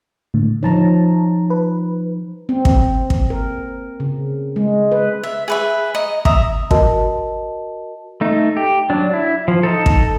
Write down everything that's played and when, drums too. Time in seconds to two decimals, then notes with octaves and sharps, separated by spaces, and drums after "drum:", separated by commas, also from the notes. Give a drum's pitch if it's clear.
0.34 A2 D3
0.63 F3 D#4 C#5 A5 A#5
1.50 B4
2.49 C4
2.65 drum: kick
3.10 drum: kick
3.30 A#4
4.00 C#3
4.56 G#3
4.92 B4
5.23 E5
5.48 G#4 B4 E5
5.94 D#5 A#5
6.25 E5 A#5 D#6, drum: kick
6.71 F#4 A#4 D#5 A5, drum: kick
8.21 A3 D#4
8.57 G4
8.90 F#3 D4
9.13 E4
9.48 F3
9.63 D#4 A4
9.86 drum: kick